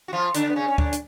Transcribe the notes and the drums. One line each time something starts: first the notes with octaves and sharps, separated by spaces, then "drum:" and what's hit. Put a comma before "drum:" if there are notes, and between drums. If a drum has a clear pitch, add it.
F#4
F3 F4
D3 D4, drum: hi-hat
B3
C#3 C#4
C#4
D3 D4, drum: kick D2
drum: hi-hat